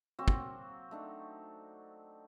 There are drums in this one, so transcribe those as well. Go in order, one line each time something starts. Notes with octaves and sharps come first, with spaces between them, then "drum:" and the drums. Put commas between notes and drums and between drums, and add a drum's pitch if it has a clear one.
F#3 A#3 C4 F#4
drum: kick
A3 D4 D#4